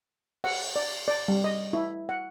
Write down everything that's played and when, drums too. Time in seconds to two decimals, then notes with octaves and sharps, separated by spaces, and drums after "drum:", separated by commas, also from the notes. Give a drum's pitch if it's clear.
0.44 F#5, drum: cymbal
0.76 D5
1.08 D5
1.28 G3
1.44 D#5
1.73 E4
2.09 F#5